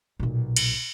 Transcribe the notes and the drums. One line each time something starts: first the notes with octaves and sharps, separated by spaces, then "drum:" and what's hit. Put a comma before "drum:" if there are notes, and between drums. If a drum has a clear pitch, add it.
B1 A#2
drum: cymbal